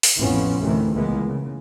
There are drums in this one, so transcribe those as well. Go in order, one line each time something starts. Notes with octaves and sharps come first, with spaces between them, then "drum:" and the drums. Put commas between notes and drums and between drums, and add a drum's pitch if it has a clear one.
drum: open hi-hat
A1 F2 E3 F3 B3 C#4
D2 A2 C3 D#3 E3
C#2 E3 G#3 A#3 B3
C#3